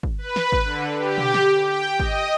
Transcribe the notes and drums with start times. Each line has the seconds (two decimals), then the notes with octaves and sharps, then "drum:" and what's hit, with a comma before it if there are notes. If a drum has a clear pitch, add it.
0.03 drum: kick
0.18 B4
0.36 drum: snare
0.52 drum: kick
0.65 D3
0.97 G4
1.18 drum: tom B2
1.34 drum: snare
1.64 G5
2.00 D#5, drum: kick